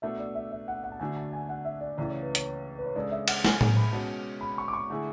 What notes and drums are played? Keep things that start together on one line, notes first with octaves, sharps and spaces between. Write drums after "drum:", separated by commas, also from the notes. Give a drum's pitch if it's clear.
B2 A3 D4 F#4 A4 E5
D5
E5
E5
F#5
F#5
A5
D2 D3 A3 D4 F#4 G#5
A5
G#5
F#5
E5
D5
C#2 C#3 E3 A3 D5
C#5
B4
C#5, drum: hi-hat
B4
C#5
C#3 G#3 D4 A4 D5
E5
F#5, drum: cymbal
G#5, drum: snare
G#5, drum: tom
B5
B2 G#3 C#4 F#4 A5
B5
C#6
D6
C#6
D3 A3 E4 G#4